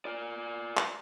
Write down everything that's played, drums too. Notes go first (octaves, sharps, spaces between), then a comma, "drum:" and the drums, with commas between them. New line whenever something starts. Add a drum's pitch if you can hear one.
F4 D5
drum: clap